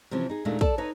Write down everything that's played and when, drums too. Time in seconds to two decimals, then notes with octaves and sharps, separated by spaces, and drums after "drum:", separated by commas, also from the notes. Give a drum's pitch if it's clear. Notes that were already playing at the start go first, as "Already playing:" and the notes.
0.11 C3 E3 F3 C4 C#4
0.30 D#4 G#4
0.45 D#2 A#2 D#3 G#3 A3 D4
0.61 A4 D5 A5, drum: kick
0.78 D#4 B4 C#5